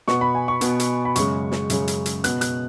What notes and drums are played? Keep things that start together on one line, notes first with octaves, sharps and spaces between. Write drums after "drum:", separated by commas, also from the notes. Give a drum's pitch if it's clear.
B2 B3 C#6, drum: snare
B5
G#5
C#6
B2 B3, drum: hi-hat
drum: hi-hat
B5
F#2 C#3 G#3 C#6, drum: hi-hat
drum: snare
F#2 C#3 G#3, drum: hi-hat
drum: hi-hat
drum: hi-hat
B2 B3 F#6, drum: hi-hat
F#6, drum: hi-hat